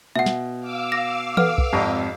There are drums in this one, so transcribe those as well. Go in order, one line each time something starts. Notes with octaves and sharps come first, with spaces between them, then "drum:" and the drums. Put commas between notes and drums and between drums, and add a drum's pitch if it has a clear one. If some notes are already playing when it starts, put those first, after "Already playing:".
B2 E5 F#5
drum: snare
F5 D6 E6
A#6
A4 B4 F#5 F6, drum: tom E3
drum: kick
G#1 F2 G4 D#5 A5